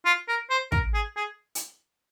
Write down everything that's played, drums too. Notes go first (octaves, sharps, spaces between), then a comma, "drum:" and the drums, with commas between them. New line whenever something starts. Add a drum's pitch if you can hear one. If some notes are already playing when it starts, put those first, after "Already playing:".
F4
A#4
C5
A#4, drum: kick
G#4
G#4
drum: hi-hat